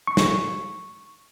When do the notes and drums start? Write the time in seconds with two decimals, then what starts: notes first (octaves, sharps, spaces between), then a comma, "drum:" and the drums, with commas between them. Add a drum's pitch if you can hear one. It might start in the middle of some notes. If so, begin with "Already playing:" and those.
0.07 C#6
0.17 drum: snare